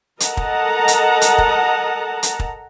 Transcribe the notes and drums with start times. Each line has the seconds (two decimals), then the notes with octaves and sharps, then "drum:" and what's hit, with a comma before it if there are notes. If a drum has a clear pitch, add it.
0.20 A4 A#4 D#5 F#5 A5 A#5, drum: hi-hat
0.37 drum: kick
0.88 drum: hi-hat
1.21 drum: hi-hat
1.38 drum: kick
2.23 drum: hi-hat
2.39 drum: kick